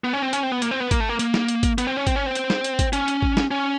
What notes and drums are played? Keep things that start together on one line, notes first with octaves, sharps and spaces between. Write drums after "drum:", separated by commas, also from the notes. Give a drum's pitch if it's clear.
B3
C#4
C4
C#4, drum: hi-hat
C4
B3
A#3, drum: hi-hat
C4
B3
A#3, drum: kick G#1, hi-hat
A3
A#3
A#3, drum: hi-hat
drum: snare
drum: hi-hat
drum: kick G#1, hi-hat
B3, drum: hi-hat
C4
C#4
C4, drum: kick G#1, hi-hat
C#4
C4
drum: hi-hat
drum: snare
drum: hi-hat
drum: kick G#1, hi-hat
C#4, drum: hi-hat
drum: hi-hat
drum: kick G#1
drum: snare
C#4